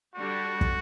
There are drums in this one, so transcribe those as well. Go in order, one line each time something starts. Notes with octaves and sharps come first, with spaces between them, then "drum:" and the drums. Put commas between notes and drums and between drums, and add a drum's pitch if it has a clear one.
D3 G3 D4 F#4 G4
drum: kick